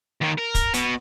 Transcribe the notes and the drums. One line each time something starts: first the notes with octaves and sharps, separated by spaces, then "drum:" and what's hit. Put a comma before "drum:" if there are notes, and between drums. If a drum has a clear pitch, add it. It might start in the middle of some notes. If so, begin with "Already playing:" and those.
D#2 D#3
A#4
drum: kick, hi-hat
B2 B3, drum: hi-hat